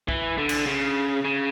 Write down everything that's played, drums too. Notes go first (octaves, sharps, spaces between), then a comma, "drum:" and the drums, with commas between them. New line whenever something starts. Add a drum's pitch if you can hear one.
E3, drum: kick B1
D3
drum: cymbal
C#3
C#3